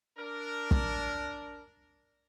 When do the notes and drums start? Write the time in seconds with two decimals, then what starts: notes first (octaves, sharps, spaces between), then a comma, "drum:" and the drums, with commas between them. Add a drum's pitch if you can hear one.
0.18 D4 A#4
0.71 drum: kick